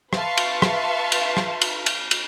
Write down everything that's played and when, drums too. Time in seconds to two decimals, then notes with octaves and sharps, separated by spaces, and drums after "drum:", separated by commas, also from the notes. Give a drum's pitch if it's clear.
0.13 B4 E5 F5 A5 C6 C#6, drum: rim click
0.37 drum: cymbal
0.62 drum: rim click
1.12 drum: cymbal
1.37 drum: rim click
1.61 drum: cymbal
1.86 drum: cymbal
2.11 drum: cymbal